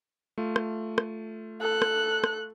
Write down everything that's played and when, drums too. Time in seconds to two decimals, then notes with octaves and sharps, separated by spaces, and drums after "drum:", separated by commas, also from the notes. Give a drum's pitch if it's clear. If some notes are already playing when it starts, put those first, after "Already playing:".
0.38 A3 F4
0.56 drum: rim click
0.98 drum: rim click
1.61 A4 F#6
1.82 drum: rim click
2.24 drum: rim click